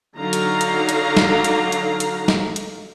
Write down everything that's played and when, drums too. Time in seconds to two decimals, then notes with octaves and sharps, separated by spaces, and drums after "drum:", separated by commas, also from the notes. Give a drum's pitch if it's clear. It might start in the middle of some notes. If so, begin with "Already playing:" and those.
0.19 D3 F#3 D#4 F5 A#5
0.33 drum: hi-hat
0.61 drum: hi-hat
0.89 drum: hi-hat
1.17 drum: snare
1.44 drum: hi-hat
1.72 drum: hi-hat
2.00 drum: hi-hat
2.28 drum: snare
2.56 drum: hi-hat